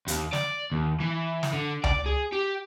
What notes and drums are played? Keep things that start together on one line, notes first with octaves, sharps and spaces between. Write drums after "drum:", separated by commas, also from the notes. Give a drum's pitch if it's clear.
D#2, drum: hi-hat
D5, drum: snare
D#2
E3
drum: snare
D3
D5, drum: tom C#2
G#4
G4